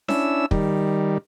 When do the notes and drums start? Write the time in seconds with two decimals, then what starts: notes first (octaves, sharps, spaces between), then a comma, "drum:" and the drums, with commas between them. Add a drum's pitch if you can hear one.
0.08 C#4 D4 E4 E6, drum: snare C#4
0.51 D#3 G3, drum: kick